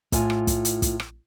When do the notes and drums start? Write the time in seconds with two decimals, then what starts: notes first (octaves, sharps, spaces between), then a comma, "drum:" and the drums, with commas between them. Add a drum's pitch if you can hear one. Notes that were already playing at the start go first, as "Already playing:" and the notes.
0.12 A2 F4 G#5, drum: kick, hi-hat
0.30 drum: rim click
0.47 drum: kick, hi-hat
0.65 drum: hi-hat
0.82 drum: kick, hi-hat
1.00 drum: rim click